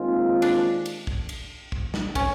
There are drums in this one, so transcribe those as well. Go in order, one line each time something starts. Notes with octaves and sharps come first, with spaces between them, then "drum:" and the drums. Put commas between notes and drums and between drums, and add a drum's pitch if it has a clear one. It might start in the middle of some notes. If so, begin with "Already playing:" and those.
Already playing: D#2 D#3 G#3 C4 F4
D4, drum: cymbal
drum: cymbal
drum: kick
drum: cymbal
drum: kick
drum: snare
C#4, drum: kick, cymbal